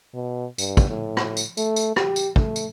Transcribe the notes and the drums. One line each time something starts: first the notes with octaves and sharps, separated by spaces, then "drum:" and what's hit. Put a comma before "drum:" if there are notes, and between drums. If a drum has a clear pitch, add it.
B2
G2, drum: tambourine
drum: kick, tambourine
A2
drum: rim click
drum: tambourine
A3, drum: tambourine
drum: tambourine
G4, drum: rim click
drum: tambourine
A3, drum: kick
drum: tambourine